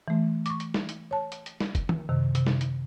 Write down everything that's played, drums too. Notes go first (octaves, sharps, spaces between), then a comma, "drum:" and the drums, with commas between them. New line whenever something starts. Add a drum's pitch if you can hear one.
E3 A3
C#6 D6, drum: hi-hat
drum: hi-hat
drum: snare
drum: hi-hat
C#5 A5
drum: hi-hat
drum: hi-hat
drum: snare
drum: kick, hi-hat
drum: tom D#3
F#2 C3 D#3
C3, drum: hi-hat
drum: snare
drum: hi-hat